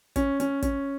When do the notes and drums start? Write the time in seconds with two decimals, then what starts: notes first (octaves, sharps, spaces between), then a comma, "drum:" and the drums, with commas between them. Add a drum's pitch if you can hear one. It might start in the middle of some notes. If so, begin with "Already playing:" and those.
0.16 C#4, drum: kick, hi-hat
0.40 C#4, drum: hi-hat
0.62 C#4, drum: kick, hi-hat